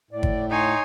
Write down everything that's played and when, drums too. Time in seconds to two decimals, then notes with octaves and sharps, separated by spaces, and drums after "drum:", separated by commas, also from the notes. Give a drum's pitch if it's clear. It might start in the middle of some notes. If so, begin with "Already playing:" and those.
0.11 A2 D5
0.23 drum: kick
0.51 D#4 C#5 G#5 C6